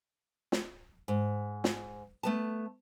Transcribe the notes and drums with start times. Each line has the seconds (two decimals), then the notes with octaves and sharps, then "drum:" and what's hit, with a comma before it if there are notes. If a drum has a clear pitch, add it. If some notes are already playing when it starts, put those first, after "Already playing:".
0.52 drum: snare
1.08 G#2
1.64 drum: snare
2.23 A3 B3 A5